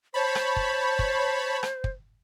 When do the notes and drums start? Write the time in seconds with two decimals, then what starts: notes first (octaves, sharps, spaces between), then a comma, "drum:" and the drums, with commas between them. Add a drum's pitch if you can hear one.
0.14 C5 C#5 A5 B5
0.35 drum: rim click
0.56 drum: kick
0.99 drum: kick
1.63 drum: rim click
1.84 drum: kick